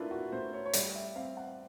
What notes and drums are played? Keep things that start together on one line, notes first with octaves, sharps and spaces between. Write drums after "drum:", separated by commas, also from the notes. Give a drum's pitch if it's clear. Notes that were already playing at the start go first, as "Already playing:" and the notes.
Already playing: A3 D4 E4 F4 A#4 B4
F#4
A3 C5
C#5
C#5
G3 D5, drum: hi-hat
E5
C4 F5
F#5